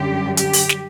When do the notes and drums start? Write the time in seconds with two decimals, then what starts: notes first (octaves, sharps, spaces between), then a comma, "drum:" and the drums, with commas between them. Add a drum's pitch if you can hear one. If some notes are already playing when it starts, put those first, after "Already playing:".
Already playing: F#2 D3 G3 G4
0.37 G4, drum: hi-hat
0.53 drum: open hi-hat
0.69 drum: snare